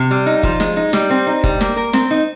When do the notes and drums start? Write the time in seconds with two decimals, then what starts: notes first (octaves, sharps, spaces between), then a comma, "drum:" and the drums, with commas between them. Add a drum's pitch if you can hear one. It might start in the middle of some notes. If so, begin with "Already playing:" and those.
Already playing: C3
0.11 G3
0.26 D#4
0.43 F3, drum: kick F#1
0.60 G#3, drum: snare
0.76 D#4
0.93 G3, drum: snare
1.10 C4
1.27 D#4
1.44 G3, drum: kick F#1
1.61 A#3, drum: snare
1.77 A#4
1.93 C4, drum: snare
2.11 D#4